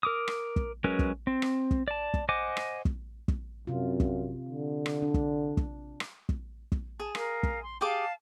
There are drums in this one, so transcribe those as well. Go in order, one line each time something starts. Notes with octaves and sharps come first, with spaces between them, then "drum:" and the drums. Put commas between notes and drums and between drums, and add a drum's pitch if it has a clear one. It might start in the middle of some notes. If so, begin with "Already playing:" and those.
A#4 D6 D#6
drum: rim click
drum: kick
F#3 G#3 C#4 A#4 B4
drum: kick
C4
drum: rim click
drum: kick
D5 A5
drum: kick
C5 D#5 F#5 G#5 D6
drum: rim click
drum: kick
drum: kick
F#2 C3 F4
drum: kick
D3
drum: rim click
D4
drum: kick
drum: kick
drum: rim click
drum: kick
drum: kick
G#4 A5
A#4 F5, drum: rim click
drum: kick
C6
G4 G#4 F5 A5 D6